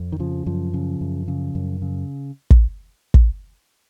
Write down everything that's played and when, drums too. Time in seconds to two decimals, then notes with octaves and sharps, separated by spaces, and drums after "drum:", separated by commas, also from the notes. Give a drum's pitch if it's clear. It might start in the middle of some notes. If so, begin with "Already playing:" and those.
Already playing: F2
0.12 D#3
0.20 C#3 F3
0.46 F#2 F3
0.74 C#3
1.01 F#2
1.28 C#3
1.55 F#2
1.82 C#3
2.50 drum: kick
3.14 drum: kick